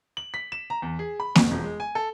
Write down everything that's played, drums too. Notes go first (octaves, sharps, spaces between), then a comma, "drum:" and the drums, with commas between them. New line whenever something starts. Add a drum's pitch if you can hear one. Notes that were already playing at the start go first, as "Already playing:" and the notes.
F#7
B6
E7
A#5
E2
G#4
B5
F2, drum: snare A#3
E1
G#3
G#5
A4